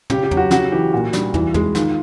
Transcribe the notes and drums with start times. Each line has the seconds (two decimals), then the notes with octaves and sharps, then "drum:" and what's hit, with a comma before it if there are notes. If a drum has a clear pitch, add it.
0.10 C#3 G4, drum: tom
0.23 G4
0.31 F#3, drum: tom
0.37 F#4
0.51 C#3 F#4, drum: snare
0.72 E3 G4
0.93 A#2 F#4
1.13 G3, drum: snare
1.34 E3, drum: tom
1.54 G#3, drum: tom
1.75 D#3 F4, drum: snare